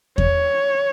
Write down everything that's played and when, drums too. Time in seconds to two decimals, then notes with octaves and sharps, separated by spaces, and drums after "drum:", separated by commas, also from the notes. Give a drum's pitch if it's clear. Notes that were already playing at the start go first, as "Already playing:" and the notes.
0.18 C#5, drum: kick E2